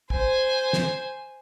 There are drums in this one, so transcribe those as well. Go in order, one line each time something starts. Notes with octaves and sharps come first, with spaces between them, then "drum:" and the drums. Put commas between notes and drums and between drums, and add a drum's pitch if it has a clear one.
C5 G#5, drum: kick
drum: snare